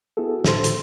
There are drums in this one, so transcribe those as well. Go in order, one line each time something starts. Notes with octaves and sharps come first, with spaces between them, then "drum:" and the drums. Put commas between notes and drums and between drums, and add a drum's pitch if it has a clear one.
B3 E4 F#4 G#4 A4
A2 D3 A4 C5 C6, drum: snare
drum: hi-hat